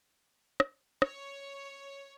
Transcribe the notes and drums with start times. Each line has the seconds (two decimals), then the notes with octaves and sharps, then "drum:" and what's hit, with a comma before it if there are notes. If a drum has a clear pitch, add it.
0.60 drum: rim click
1.02 C#5, drum: rim click